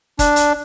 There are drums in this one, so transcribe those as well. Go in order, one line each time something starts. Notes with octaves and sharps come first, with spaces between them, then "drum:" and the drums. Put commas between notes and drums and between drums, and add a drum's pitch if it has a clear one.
D4, drum: kick, hi-hat
drum: hi-hat